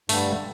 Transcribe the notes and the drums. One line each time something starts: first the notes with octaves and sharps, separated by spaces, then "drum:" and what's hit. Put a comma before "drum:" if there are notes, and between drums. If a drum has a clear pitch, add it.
G2 D3 G3 A3, drum: open hi-hat